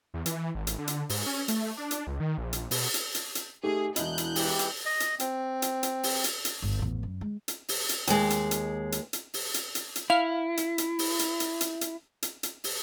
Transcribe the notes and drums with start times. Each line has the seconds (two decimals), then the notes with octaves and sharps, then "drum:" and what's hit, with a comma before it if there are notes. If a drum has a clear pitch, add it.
0.14 E2
0.26 E3, drum: hi-hat
0.55 G#1
0.67 drum: hi-hat
0.79 D3
0.88 drum: hi-hat
1.09 G#2, drum: open hi-hat
1.26 C#4
1.48 A3, drum: hi-hat
1.77 D4
1.91 drum: hi-hat
2.07 C#2
2.20 D#3
2.38 A#1
2.53 drum: hi-hat
2.71 B2, drum: open hi-hat
2.94 drum: hi-hat
3.15 drum: hi-hat
3.35 drum: hi-hat
3.63 D#3 A3 G4 G#4
3.96 E1 E4 D#5 F#6 G6, drum: hi-hat
4.18 drum: hi-hat
4.36 E3 G#3 G4, drum: open hi-hat
4.59 drum: hi-hat
4.86 D#5
5.00 drum: hi-hat
5.20 C4, drum: hi-hat
5.62 drum: hi-hat
5.83 drum: hi-hat
6.03 drum: open hi-hat
6.24 drum: hi-hat
6.45 drum: hi-hat
6.62 G1
6.79 A1 E2
7.03 F#2
7.21 G#3
7.48 drum: hi-hat
7.69 drum: open hi-hat
7.89 drum: hi-hat
8.07 D#2 G#3, drum: hi-hat
8.30 drum: hi-hat
8.51 drum: hi-hat
8.92 drum: hi-hat
9.13 drum: hi-hat
9.34 drum: open hi-hat
9.54 drum: hi-hat
9.75 drum: hi-hat
9.96 drum: hi-hat
10.10 E4 F5
10.57 drum: hi-hat
10.78 drum: hi-hat
10.99 drum: open hi-hat
11.19 drum: hi-hat
11.40 drum: hi-hat
11.61 drum: hi-hat
11.81 drum: hi-hat
12.22 drum: hi-hat
12.43 drum: hi-hat
12.64 drum: open hi-hat